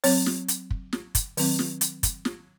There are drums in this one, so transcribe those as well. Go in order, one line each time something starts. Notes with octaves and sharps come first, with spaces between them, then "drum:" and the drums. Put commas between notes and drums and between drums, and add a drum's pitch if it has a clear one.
F#3 C4 C#5, drum: open hi-hat
drum: snare
drum: hi-hat
drum: kick
drum: snare
drum: kick, hi-hat
D#3 F#3 C4, drum: open hi-hat
drum: snare
drum: hi-hat
drum: kick, hi-hat
drum: snare